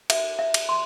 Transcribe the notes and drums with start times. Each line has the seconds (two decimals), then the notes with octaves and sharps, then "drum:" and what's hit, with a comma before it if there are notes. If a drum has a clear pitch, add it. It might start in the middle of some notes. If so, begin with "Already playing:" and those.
0.10 E5, drum: cymbal
0.39 E5
0.54 drum: cymbal
0.69 C6